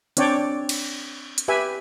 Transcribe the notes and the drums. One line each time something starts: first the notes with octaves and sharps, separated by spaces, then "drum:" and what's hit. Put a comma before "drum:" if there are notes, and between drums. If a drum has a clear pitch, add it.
C4 D4 C#5 D5 G5, drum: hi-hat
drum: cymbal
drum: hi-hat
G4 B4 E5 G#5